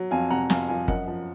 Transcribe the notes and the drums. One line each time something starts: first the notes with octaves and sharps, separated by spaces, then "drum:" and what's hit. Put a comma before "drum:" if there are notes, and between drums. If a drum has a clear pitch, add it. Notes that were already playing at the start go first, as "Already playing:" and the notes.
Already playing: F#3
F2 F5 G#5
C3 F#5 A#5
F2 F5 G#5, drum: snare
F3 F5 G#5
F#2 D#5 F#5, drum: kick G1
F3